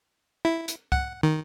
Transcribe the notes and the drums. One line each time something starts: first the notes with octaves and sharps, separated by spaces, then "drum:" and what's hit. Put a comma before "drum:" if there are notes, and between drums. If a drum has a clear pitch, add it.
E4
drum: hi-hat
F#5, drum: kick C#2
D#3